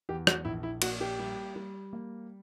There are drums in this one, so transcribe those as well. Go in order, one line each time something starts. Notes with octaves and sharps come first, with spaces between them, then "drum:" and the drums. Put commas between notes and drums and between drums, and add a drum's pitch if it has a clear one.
E2 G4
F#4, drum: rim click
A#1 E4
E4
A#3 F#4, drum: cymbal
G4
G3
G3
A#3